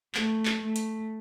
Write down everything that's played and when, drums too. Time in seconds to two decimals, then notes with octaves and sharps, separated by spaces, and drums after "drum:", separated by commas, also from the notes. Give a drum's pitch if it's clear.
0.15 A3, drum: clap
0.45 drum: clap
0.61 A3
0.76 drum: hi-hat